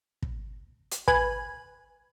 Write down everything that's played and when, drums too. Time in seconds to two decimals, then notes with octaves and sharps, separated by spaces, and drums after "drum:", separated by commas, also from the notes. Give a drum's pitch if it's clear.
0.22 drum: kick
0.92 drum: hi-hat
1.08 B4 G#5, drum: kick